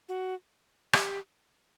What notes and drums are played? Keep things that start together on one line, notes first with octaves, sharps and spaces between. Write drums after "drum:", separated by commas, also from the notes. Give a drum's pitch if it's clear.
F#4
G4, drum: rim click